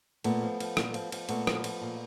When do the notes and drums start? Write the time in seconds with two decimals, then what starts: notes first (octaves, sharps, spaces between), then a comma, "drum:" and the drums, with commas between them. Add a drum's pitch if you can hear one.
0.24 A#2 A3 B3, drum: cymbal
0.43 F3
0.60 F3, drum: cymbal
0.77 A#2, drum: rim click
0.94 F3, drum: cymbal
1.12 F3, drum: cymbal
1.29 A#2 A3 B3, drum: cymbal
1.47 F3, drum: rim click
1.64 F3, drum: cymbal
1.81 A#2